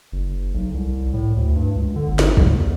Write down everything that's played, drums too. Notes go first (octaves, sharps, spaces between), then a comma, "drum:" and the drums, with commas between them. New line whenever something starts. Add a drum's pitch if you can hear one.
F#1
B1
C2
A2
D2
G2
C#2
D3
G1
drum: snare
C2, drum: kick
E2